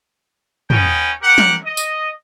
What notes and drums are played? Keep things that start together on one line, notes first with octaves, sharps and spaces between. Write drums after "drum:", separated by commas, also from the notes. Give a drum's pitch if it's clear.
B3 C#4 D#4 G5, drum: tom
G4 A#4 F#5
drum: snare
D#5
drum: tambourine